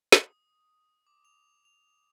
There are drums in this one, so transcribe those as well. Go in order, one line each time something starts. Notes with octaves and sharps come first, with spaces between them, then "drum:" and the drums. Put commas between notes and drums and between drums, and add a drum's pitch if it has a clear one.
D#6, drum: snare
D6
F7
F7